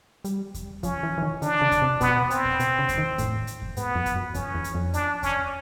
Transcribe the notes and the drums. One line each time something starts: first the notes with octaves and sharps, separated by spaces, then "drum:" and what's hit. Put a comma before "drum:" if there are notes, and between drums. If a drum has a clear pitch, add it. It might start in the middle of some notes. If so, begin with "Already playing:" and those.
G3, drum: hi-hat
drum: kick E2, hi-hat
F3 C#4, drum: kick E2, hi-hat
E3
E3
D#3
D3 D4, drum: hi-hat
C#3
drum: kick E2, hi-hat
C3
B2 B3, drum: kick E2, hi-hat
C4, drum: hi-hat
drum: kick E2
B2, drum: hi-hat
C#3
drum: kick E2, hi-hat
D#3
A2, drum: kick E2, hi-hat
drum: hi-hat
drum: kick E2
G#2 B3, drum: hi-hat
F2
drum: kick E2, hi-hat
F#2
F2 C#4, drum: kick E2, hi-hat
E2
drum: hi-hat
F2
D4, drum: hi-hat
C#4, drum: kick E2, hi-hat